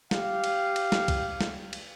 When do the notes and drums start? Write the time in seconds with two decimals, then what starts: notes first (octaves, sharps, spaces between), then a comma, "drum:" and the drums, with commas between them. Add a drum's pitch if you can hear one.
0.11 G4 F5, drum: snare
0.44 drum: cymbal
0.76 drum: cymbal
0.92 drum: snare
1.08 drum: kick, cymbal
1.41 drum: snare
1.73 drum: cymbal